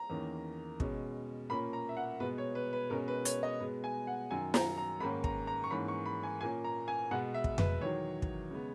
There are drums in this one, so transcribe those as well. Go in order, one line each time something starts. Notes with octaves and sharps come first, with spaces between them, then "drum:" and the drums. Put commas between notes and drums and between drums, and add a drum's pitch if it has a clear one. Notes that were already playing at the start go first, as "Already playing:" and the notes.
Already playing: A#5
E2 D#3 A#3 C#4
B2 G#3 C#4, drum: kick
A#2 A#3 C#4 B5
A#5
E5
F#5
B2 G#3 B3 B4
C#5
B4
B4
B2 G#3 C#4 A#4
B4
C#5, drum: hi-hat
D#5
B2 G#3 B3
G#5
F#5
F#2 D#3 F#3 G#5
A#5, drum: snare
A#5
G#2 D#3 A#3 C#4 B5
A#5, drum: kick
A#5
C#6
G#2 E3 A#3 C#4 B5
C#6
B5
G#5
A#2 A#3 C#4 G#5
A#5
G#5
B2 G#3 B3 F#5
E5
drum: kick
B4, drum: tom F2
E2 D#3 F#3 C#5
drum: kick
C#3 G#3 B3